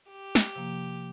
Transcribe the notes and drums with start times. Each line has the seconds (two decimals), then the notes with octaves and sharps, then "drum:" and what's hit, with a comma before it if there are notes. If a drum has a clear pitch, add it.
0.11 G4
0.35 drum: snare
0.56 C3 F3 A#3